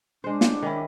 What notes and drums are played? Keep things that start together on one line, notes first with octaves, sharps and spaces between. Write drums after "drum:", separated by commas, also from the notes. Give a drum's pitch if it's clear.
G#3 D4 C5
drum: snare
D#3 C#4 E4